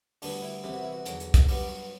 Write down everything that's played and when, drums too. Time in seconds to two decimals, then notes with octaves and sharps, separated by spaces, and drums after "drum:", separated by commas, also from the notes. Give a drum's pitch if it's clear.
0.22 D2 D3 G3 B3 D4, drum: open hi-hat
0.42 E4
0.64 C2 C3 E3 B3 G4
0.73 F#4
0.83 E4
0.92 F#4
1.06 E2 D3 F#3, drum: hi-hat
1.20 drum: hi-hat
1.34 drum: kick, hi-hat
1.48 G2 F#3 B3 G4, drum: open hi-hat
1.69 F#4